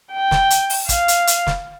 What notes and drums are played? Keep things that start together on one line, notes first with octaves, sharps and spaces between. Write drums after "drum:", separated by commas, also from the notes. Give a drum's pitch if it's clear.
G5
drum: snare
drum: hi-hat
drum: open hi-hat
F5, drum: kick, hi-hat
drum: hi-hat
drum: hi-hat
drum: snare